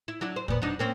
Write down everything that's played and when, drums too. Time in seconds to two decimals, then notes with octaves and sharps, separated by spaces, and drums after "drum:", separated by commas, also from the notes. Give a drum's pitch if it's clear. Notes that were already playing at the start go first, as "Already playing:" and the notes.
0.08 E4
0.21 F#3 D4 E4
0.36 C5
0.48 A#2 B3, drum: kick E2
0.62 F#3 D4 D#4
0.79 A#3 C4 C#4